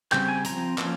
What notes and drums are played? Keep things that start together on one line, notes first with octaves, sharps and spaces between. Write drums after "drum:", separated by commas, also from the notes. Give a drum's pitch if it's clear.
C#3 G3 C4 G5, drum: clap
G#5
F3 C4 A#5, drum: hi-hat
F3 A#3 C#4, drum: clap